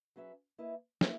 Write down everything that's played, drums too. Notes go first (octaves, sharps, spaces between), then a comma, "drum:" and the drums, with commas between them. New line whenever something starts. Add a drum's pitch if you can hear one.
F#3 C#4 G#4 B4 E5
A#3 E4 B4 D#5
A#3 E4 B4, drum: snare